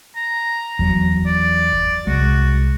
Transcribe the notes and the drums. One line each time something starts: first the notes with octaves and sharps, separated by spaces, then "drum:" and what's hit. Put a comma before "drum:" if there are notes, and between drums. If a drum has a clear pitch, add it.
A#5
E2 F#3, drum: kick F#1
D5
drum: kick F#1
C2 G#3 F#4